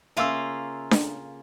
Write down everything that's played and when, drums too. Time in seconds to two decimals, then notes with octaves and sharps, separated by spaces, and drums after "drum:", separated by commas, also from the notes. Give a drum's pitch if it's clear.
0.17 C#3 A#3 F4 E5 F5 E6
0.91 drum: snare D4